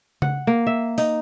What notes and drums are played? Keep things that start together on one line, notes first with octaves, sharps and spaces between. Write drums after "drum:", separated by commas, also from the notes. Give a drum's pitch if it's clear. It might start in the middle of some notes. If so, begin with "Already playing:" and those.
F#5, drum: tom C#3
A#3
E5
D#4, drum: open hi-hat